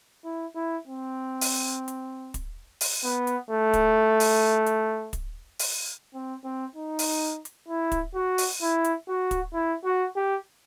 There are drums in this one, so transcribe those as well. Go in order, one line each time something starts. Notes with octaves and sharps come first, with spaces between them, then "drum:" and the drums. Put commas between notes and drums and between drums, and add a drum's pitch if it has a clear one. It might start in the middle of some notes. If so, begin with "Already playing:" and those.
E4
E4
C4
drum: open hi-hat
drum: hi-hat
drum: kick, hi-hat
drum: open hi-hat
B3
drum: hi-hat
A3
drum: kick, hi-hat
drum: open hi-hat
drum: hi-hat
drum: kick, hi-hat
drum: open hi-hat
C4
C4
D#4
drum: open hi-hat
drum: hi-hat
E4
drum: kick, hi-hat
F#4
drum: open hi-hat
E4
drum: hi-hat
F#4
drum: kick, hi-hat
E4
F#4
G4